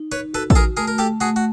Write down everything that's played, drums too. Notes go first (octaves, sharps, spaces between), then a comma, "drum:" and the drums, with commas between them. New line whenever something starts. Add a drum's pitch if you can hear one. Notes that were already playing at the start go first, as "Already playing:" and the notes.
Already playing: D#4
B4 C#5
F#4 A4 B4
A4, drum: kick A1
G#4 A#4
A3 G#4 A#4
A#4
G4 A4
A3 F#4 G#4
F#4